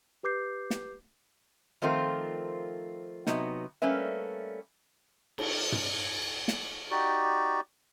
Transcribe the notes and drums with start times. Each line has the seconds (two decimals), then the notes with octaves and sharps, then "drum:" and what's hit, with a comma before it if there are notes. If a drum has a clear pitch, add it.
0.23 G4 B4 D6 G6 C7
0.70 drum: snare
1.82 D#3 F3 A3 C4 F4 A#4
3.27 C3 F#3 B3 D#4, drum: snare
3.82 G3 A3 A#3 C#4 B4 E5
5.38 drum: cymbal
5.72 drum: tom
6.48 drum: snare
6.91 D#4 F#4 G4 D5